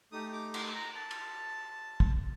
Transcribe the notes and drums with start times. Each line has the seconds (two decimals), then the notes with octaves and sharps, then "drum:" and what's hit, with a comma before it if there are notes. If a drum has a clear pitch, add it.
0.12 A3 D#4 G4 D#6
0.33 D6
0.54 C6, drum: cymbal
0.75 A#5
0.95 A5
1.11 drum: cymbal
2.00 drum: kick